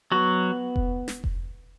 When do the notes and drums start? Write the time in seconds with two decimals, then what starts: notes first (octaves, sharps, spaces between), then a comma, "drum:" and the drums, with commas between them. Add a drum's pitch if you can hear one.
0.12 F#3 B3 F#4
0.76 drum: kick F1
1.08 drum: snare
1.24 drum: kick F1